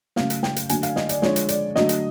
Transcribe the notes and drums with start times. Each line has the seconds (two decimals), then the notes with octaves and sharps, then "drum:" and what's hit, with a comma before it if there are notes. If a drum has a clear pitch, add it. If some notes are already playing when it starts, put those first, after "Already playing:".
0.16 C#3 F#3 A3 F5, drum: snare
0.30 drum: hi-hat
0.43 G5, drum: snare
0.56 drum: hi-hat
0.69 D3 F#3 A3 G#5, drum: hi-hat
0.83 F5, drum: hi-hat
0.96 D#5, drum: snare
1.09 D5, drum: hi-hat
1.22 D3 F3 G#3 C#5, drum: snare
1.36 drum: hi-hat
1.49 D5, drum: hi-hat
1.76 D3 F#3 A3 D#5, drum: snare
1.89 drum: hi-hat